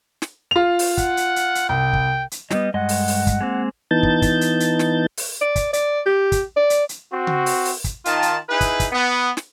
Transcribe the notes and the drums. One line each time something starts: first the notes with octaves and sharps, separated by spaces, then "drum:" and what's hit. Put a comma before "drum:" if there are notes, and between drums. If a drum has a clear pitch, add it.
drum: snare
F4 F7
drum: open hi-hat
F#5, drum: kick, hi-hat
drum: hi-hat
drum: hi-hat
drum: hi-hat
C2 G5
drum: kick
drum: hi-hat
F#3 G3 B3 D#5, drum: snare
G2 G#3 D#5 F#5
drum: open hi-hat
drum: open hi-hat
drum: kick, hi-hat
G#3 A#3 C4
E3 B3 D#4 A5 G6 A6
drum: kick
drum: kick, hi-hat
drum: hi-hat
drum: hi-hat
drum: snare
drum: open hi-hat
D5
drum: kick, hi-hat
D5, drum: hi-hat
G4
drum: kick, hi-hat
D5
drum: hi-hat
drum: hi-hat
C4 F#4
drum: tom C#3
drum: open hi-hat
drum: open hi-hat
drum: kick, hi-hat
D#3 F4 A5, drum: hi-hat
drum: hi-hat
D#4 E4 G#4 B4
drum: kick, hi-hat
drum: kick, hi-hat
B3
drum: snare